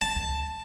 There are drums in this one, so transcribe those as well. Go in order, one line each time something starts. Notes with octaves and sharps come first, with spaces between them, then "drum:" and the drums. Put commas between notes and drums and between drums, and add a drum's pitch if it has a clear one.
A5
drum: kick